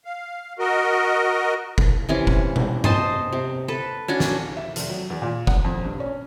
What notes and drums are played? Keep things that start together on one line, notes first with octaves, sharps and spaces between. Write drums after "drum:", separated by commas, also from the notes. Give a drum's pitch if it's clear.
F5
F#4 A#4 D#5
drum: kick F1
C3 E3 C#4
drum: kick F1
drum: tom B2
C5 D#5 A5 C6, drum: tom G2
C3
A4 B4
C#4 D4 F#4
drum: snare
E5
F1, drum: hi-hat
F#3
E2
A#2
F#5, drum: kick F1
F2
G2
C#4